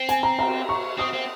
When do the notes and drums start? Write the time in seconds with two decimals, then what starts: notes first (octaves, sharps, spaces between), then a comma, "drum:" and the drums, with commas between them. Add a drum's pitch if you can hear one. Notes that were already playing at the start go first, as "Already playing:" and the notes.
Already playing: C4
0.09 G#5, drum: hi-hat
0.23 A#5
0.39 A#5, drum: cymbal
0.69 C#6
0.98 C4 D#6
1.14 C4